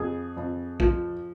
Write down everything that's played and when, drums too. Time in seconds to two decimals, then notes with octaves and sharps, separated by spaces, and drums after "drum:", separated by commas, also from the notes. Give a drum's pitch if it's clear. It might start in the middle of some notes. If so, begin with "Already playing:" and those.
Already playing: F2 G#4
0.37 F2
0.80 F3, drum: kick A#1